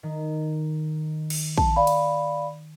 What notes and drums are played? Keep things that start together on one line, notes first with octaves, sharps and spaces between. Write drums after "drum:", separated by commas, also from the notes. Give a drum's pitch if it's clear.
D#3
drum: cymbal
A5, drum: kick A#1
D5 F5 B5
drum: cymbal